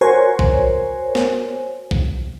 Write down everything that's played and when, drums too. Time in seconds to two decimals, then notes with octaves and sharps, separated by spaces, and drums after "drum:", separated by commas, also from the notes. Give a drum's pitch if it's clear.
0.01 F#4 A#4 C5 C#5 G#5
0.39 drum: kick
1.15 drum: snare
1.91 drum: kick